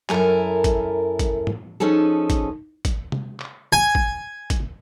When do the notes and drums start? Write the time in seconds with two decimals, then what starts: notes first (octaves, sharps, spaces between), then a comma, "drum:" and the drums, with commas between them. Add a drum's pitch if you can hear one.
0.09 F#2 E4 A4 A#4 G#5, drum: clap
0.64 drum: kick G#1, hi-hat
1.19 drum: kick G#1, hi-hat
1.47 drum: tom
1.80 F3 C#4 D#4 G#4 A4
2.30 drum: kick G#1, hi-hat
2.85 drum: kick G#1, hi-hat
3.12 drum: tom C3
3.40 drum: clap
3.73 G#5
3.95 drum: kick G#1
4.50 drum: kick G#1, hi-hat